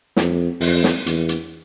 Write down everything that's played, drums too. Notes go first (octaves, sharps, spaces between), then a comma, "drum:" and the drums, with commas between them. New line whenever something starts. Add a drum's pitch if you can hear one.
F2, drum: snare
F2, drum: open hi-hat
drum: snare
E2, drum: hi-hat
drum: hi-hat